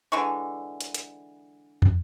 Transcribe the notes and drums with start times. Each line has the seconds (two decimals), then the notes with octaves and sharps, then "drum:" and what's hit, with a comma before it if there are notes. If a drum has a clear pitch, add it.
0.12 D3 E3 G#3 C#6
0.81 drum: hi-hat
0.94 drum: hi-hat
1.82 drum: tom